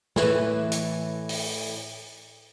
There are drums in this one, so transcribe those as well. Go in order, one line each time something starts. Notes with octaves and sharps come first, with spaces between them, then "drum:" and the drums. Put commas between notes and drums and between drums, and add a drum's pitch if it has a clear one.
A2 E3, drum: snare
drum: hi-hat
drum: open hi-hat